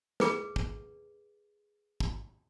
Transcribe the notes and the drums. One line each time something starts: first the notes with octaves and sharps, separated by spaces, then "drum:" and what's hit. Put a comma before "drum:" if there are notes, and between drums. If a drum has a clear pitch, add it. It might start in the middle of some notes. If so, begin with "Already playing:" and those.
G#4 B4, drum: snare
drum: kick
drum: kick